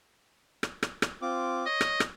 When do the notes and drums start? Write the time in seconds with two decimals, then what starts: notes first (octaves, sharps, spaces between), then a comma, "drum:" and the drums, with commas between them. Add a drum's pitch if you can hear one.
0.63 drum: rim click
0.83 drum: rim click
1.02 drum: rim click
1.22 C4 F4 D6
1.66 C#5 D#5
1.81 drum: rim click
2.00 drum: rim click